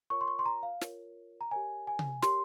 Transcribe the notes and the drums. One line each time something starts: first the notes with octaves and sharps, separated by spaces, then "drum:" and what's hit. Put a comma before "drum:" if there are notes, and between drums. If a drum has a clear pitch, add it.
F4 A#4 C#5 C#6
C6
C#6
C6
A#5
F5
F4 A#4 C#5, drum: snare
A#5
G4 A#4 C#5 G#5
G#5
drum: tom C3
G4 A#4 C#5 C6, drum: snare